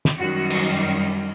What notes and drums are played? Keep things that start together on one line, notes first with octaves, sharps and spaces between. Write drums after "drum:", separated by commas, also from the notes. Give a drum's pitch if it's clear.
drum: snare
F#2 D#3 G3 F#4
F#4, drum: cymbal